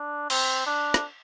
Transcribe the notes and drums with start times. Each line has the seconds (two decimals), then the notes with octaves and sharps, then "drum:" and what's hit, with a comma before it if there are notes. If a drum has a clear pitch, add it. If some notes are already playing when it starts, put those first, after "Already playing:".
Already playing: D4
0.30 C4, drum: cymbal
0.66 D4
0.94 drum: snare